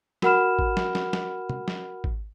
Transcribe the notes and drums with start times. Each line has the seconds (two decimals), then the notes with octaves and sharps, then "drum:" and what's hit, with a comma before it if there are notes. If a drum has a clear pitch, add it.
0.22 F#4 A#4 F#5 B5 F6 E7, drum: snare
0.59 drum: kick G#1
0.77 drum: snare
0.95 drum: snare
1.13 drum: snare
1.49 drum: tom
1.68 drum: snare
2.04 drum: kick G#1